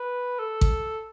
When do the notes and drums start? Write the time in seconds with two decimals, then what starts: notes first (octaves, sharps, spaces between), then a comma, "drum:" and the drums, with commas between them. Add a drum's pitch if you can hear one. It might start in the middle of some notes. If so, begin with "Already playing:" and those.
Already playing: B4
0.39 A4
0.61 drum: kick A1